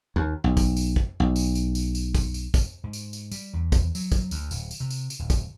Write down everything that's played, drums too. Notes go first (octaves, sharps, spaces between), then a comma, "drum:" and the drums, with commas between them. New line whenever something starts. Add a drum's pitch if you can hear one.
D#2
B1
drum: kick, tambourine
drum: tambourine
drum: kick
B1
drum: tambourine
drum: tambourine
drum: tambourine
drum: tambourine
drum: kick, tambourine
drum: tambourine
drum: kick, tambourine
G#2
drum: tambourine
drum: tambourine
G3, drum: tambourine
E2
drum: kick, tambourine
F#3, drum: tambourine
drum: kick, tambourine
D2, drum: tambourine
D1, drum: tambourine
drum: tambourine
C3
drum: tambourine
drum: tambourine
D1
drum: kick, tambourine